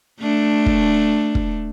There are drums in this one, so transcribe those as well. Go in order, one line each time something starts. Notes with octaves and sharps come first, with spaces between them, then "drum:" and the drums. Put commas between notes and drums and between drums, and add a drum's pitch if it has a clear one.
A3 D4
drum: kick
drum: kick